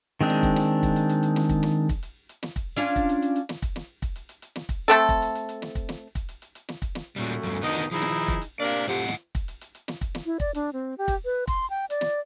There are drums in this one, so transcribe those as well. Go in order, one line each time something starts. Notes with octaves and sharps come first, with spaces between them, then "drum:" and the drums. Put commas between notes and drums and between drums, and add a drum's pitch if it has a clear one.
D#3 G#3 C4 D4
drum: snare
drum: kick, hi-hat
drum: snare
drum: kick, hi-hat
drum: hi-hat
drum: hi-hat
drum: hi-hat
drum: snare
drum: kick, hi-hat
drum: snare
drum: kick, hi-hat
drum: hi-hat
drum: hi-hat
drum: snare
drum: kick, hi-hat
C#4 D4 F4
drum: kick, hi-hat
drum: hi-hat
drum: hi-hat
drum: hi-hat
drum: snare
drum: kick, hi-hat
drum: snare
drum: kick, hi-hat
drum: hi-hat
drum: hi-hat
drum: hi-hat
drum: snare
drum: kick, hi-hat
A3 C4 A4
drum: kick, hi-hat
drum: hi-hat
drum: hi-hat
drum: hi-hat
drum: snare
drum: kick, hi-hat
drum: snare
drum: kick, hi-hat
drum: hi-hat
drum: hi-hat
drum: hi-hat
drum: snare
drum: kick, hi-hat
drum: snare
F#2 A#2 G3 A3
E2 G2
D2 D#3 B3 D#4 D#5, drum: hi-hat
drum: snare
D#3 F3 D#4 E4 G#4
drum: snare
drum: kick, hi-hat
drum: hi-hat
C3 A#3 D4 D5 F5
F2 A2 C3 F#5
drum: snare
drum: kick, hi-hat
drum: hi-hat
drum: hi-hat
drum: hi-hat
drum: snare
drum: kick, hi-hat
drum: snare
E4
D5, drum: kick
D4, drum: hi-hat
C4
G4
drum: kick, hi-hat
B4
C6, drum: kick, hi-hat
G5
D5, drum: hi-hat
drum: snare